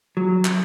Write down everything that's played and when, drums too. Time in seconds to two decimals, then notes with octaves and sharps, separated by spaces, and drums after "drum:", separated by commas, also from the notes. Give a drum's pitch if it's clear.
0.17 F#3
0.45 drum: clap